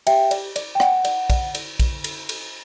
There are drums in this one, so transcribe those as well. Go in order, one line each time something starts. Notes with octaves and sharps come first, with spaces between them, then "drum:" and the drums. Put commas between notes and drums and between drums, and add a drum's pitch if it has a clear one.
G4 E5 G5, drum: cymbal
D5, drum: cymbal
D5, drum: cymbal
G5
D5 F#5, drum: rim click
D5, drum: cymbal
D5, drum: kick A#1, cymbal
D5, drum: cymbal
drum: kick A#1, cymbal
drum: cymbal
drum: cymbal